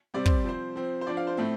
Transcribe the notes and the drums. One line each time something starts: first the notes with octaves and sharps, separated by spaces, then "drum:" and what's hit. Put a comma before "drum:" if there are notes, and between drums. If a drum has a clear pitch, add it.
C3 G3 C4 D5
C5, drum: kick
F3 C4 C5
F3 C4
C5
F3 D4 D5
F5
C5
A2 A3 C4